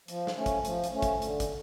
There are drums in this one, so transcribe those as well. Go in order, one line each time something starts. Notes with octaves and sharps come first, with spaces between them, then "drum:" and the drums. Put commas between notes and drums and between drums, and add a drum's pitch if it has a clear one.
F3, drum: hi-hat
drum: snare
A3 C#4
drum: kick, hi-hat
F3, drum: hi-hat
drum: hi-hat
A3 C#4
drum: kick, hi-hat
D3, drum: hi-hat
drum: kick, hi-hat